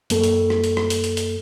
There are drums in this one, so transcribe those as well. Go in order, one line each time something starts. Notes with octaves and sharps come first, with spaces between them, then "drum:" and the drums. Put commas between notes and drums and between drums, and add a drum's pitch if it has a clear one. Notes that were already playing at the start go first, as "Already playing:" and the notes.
F#2 A#3 A4, drum: hi-hat
drum: hi-hat
drum: rim click
drum: hi-hat
drum: rim click
drum: hi-hat
drum: hi-hat
drum: hi-hat